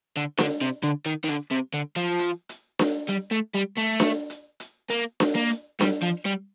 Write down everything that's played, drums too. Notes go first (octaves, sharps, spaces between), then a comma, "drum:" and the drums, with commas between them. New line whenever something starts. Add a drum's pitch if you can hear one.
D3
D3, drum: snare D4
C3
D3
D#3
D#3
D3, drum: hi-hat
C3
D3
F3
drum: hi-hat
drum: hi-hat
drum: snare D4
G3, drum: hi-hat
A3
G3
A3
drum: snare D4
drum: hi-hat
drum: hi-hat
A#3, drum: hi-hat
drum: snare D4
A#3
drum: hi-hat
G3, drum: snare D4
F3
G3